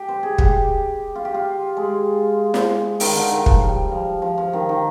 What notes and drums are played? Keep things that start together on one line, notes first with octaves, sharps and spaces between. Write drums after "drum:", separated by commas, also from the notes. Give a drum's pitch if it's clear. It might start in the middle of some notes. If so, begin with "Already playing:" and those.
Already playing: G4
C5
G#4
G4, drum: kick
F4
G4
F4
G#3
drum: snare
D#3, drum: open hi-hat
D3
D#3
F3, drum: kick
G3
F3
F3
F3
D#3
D#3